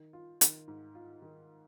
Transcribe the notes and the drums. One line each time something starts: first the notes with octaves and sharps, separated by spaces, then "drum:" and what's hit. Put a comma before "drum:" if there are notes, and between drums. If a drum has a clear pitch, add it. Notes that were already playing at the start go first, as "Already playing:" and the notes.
Already playing: D#3
F4
D#3, drum: hi-hat
G#2
F4
D#3